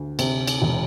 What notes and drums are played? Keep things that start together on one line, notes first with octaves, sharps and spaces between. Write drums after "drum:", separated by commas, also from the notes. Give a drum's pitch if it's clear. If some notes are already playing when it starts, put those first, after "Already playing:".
Already playing: D2
C3, drum: cymbal
drum: cymbal
E1